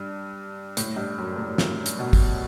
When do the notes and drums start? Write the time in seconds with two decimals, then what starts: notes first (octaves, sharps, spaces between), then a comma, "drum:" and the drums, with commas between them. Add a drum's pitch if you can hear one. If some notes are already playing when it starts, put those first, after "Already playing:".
Already playing: G2
0.77 A2, drum: hi-hat
0.96 G2
1.18 F#2
1.37 A2
1.58 A2, drum: snare
1.86 drum: hi-hat
1.99 B2
2.13 drum: kick, open hi-hat